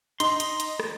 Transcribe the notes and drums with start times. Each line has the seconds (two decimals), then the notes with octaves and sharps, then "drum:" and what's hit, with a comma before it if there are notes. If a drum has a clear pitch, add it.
0.20 D#4 C6, drum: hi-hat
0.40 drum: hi-hat
0.60 drum: hi-hat
0.80 drum: rim click